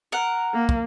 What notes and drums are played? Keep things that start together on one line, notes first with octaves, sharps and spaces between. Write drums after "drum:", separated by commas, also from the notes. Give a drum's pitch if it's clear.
A#4 F#5
A#3
drum: kick